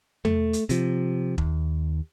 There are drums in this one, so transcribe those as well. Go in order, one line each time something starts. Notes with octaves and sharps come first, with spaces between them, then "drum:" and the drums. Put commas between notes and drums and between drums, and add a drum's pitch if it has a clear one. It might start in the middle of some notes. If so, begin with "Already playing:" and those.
A3, drum: tom E2
drum: hi-hat
C3 F3, drum: hi-hat
D#2, drum: kick E1